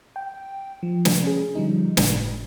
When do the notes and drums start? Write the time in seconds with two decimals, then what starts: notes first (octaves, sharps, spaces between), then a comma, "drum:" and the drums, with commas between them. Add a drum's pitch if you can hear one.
0.16 G5
0.83 F3
1.05 drum: snare
1.24 C#4 G#4
1.55 D3 F3 G3 D#4
1.97 G1 A2, drum: snare